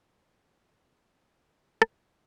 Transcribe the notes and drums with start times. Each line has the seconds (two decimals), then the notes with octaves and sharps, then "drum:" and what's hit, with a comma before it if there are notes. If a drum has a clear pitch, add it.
0.03 D5 B5 D#6
1.82 drum: rim click